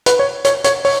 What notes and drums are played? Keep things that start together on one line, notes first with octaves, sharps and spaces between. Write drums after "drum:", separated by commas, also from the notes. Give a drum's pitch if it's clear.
B4, drum: hi-hat
C#5
C#5, drum: hi-hat
C#5, drum: hi-hat
C#5, drum: open hi-hat